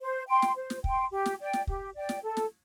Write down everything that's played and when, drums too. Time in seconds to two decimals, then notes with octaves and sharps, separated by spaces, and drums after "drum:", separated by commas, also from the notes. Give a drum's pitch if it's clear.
0.01 C5
0.28 G5 C6
0.42 drum: snare
0.56 C5
0.70 drum: snare
0.84 G5 C6, drum: kick
1.11 G4
1.26 drum: snare
1.39 D5 G5
1.53 drum: snare
1.67 G4, drum: kick
1.95 D5 G5
2.09 drum: snare
2.23 A4
2.37 drum: snare